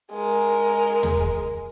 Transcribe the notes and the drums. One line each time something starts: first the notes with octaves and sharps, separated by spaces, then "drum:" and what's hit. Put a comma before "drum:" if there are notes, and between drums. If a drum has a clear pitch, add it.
G#3 A#4
drum: tom
drum: kick